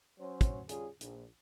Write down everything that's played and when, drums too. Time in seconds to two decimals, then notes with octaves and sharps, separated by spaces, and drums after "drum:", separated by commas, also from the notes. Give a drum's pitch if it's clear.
0.19 F#3 C#4 C5
0.41 drum: kick, hi-hat
0.69 G3 C#4 F4 G#4, drum: hi-hat
1.01 A#1, drum: hi-hat